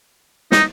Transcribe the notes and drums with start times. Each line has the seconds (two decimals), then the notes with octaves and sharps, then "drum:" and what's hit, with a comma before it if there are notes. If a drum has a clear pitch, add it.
0.52 D#4, drum: snare